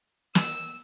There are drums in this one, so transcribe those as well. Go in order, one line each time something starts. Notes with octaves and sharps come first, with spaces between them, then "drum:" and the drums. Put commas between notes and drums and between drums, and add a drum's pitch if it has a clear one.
E6, drum: snare